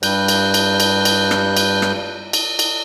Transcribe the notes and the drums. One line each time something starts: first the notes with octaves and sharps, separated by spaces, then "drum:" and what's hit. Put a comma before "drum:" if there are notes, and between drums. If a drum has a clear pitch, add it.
G2 G3 F#6 G6, drum: cymbal
drum: cymbal
drum: cymbal
drum: cymbal
drum: cymbal
drum: rim click
drum: cymbal
drum: rim click
drum: cymbal
drum: cymbal